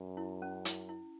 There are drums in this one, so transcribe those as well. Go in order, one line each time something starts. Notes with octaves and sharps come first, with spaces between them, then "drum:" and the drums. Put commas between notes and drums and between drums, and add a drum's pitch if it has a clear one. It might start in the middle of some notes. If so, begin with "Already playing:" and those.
Already playing: F#2
E4
C#4
E4, drum: hi-hat
E4